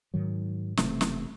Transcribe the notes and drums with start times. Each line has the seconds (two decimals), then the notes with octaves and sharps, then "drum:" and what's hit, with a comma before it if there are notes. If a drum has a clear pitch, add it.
0.14 G#2 D#3 F#3
0.77 E1 E2 C3 A3, drum: snare
1.01 drum: snare